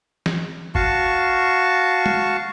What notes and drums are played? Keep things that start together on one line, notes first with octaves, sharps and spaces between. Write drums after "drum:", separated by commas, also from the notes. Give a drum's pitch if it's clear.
drum: snare
F#4 F5 A5 C#6, drum: kick
drum: tom